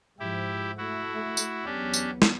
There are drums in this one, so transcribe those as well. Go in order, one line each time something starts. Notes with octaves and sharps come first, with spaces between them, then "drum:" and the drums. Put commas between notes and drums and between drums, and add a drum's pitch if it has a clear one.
G#2 F3 E4 G4
A3 E4 F#4
drum: tambourine
E2 F#3 B3 C#4 D4 G4
drum: tambourine
drum: snare